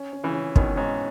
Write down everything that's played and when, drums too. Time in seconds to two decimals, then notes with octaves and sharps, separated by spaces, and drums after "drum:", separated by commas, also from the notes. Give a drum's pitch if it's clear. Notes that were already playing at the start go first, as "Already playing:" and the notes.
Already playing: C#4
0.13 C#4
0.24 C#3 E3
0.34 C#4
0.56 B2 D#3 C#4, drum: kick
0.76 G#2 C#4